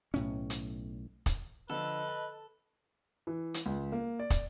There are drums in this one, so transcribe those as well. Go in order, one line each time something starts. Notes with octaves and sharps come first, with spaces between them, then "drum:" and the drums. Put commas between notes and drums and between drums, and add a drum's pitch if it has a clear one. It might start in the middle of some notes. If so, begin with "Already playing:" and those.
B1 A2 C#4
drum: hi-hat
drum: kick, hi-hat
D3 F3 A4 B4 D#5
A5
E3
drum: hi-hat
C#2
A#3
D5
drum: kick, hi-hat